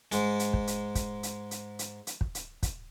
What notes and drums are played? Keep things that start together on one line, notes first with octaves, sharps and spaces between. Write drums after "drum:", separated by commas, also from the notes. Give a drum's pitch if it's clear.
G#2 G#3, drum: hi-hat
drum: hi-hat
drum: kick
drum: hi-hat
drum: kick, hi-hat
drum: hi-hat
drum: hi-hat
drum: hi-hat
drum: hi-hat
drum: kick
drum: hi-hat
drum: kick, hi-hat